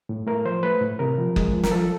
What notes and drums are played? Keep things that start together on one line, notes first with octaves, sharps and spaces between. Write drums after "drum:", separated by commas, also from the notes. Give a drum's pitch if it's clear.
A2
A3 A#4
F3 C5
A3 B4
A2
C3 A#4
F3
G#3, drum: kick F#1
F3
A#4, drum: snare
F3 A4